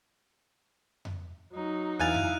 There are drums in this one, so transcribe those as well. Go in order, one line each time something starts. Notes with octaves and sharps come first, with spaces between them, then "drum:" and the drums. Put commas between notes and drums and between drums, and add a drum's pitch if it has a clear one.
drum: tom F2
F#3 D#4
E2 E4 F5 G#5 F#6 A6 D#7 F7
drum: tom F2